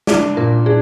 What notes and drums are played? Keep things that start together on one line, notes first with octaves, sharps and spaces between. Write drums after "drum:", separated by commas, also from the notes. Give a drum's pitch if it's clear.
D4 D5, drum: snare
A#2 A#4
D4 G#4